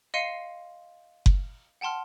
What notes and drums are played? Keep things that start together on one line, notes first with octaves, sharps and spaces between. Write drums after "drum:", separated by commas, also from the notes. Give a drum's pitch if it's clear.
D#5 F5 C6 C7 C#7 D#7
drum: kick F#1
F#5 G5 A5 C6 F6